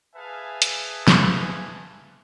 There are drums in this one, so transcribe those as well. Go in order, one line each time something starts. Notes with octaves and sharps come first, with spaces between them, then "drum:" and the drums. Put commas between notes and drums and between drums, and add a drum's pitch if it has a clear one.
G#4 B4 E5 F5 G#5 A5
drum: hi-hat
drum: snare